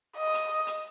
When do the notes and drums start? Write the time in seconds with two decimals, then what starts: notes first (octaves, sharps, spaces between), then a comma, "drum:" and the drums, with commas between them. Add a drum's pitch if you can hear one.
0.18 D#5
0.34 drum: hi-hat
0.67 drum: hi-hat